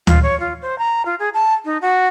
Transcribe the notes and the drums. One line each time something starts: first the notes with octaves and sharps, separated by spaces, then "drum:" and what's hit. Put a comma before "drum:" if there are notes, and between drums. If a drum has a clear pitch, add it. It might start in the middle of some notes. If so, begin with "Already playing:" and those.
F4, drum: tom D2
C#5
F4
C5
A#5
F4
G#4
A5
D#4
F#4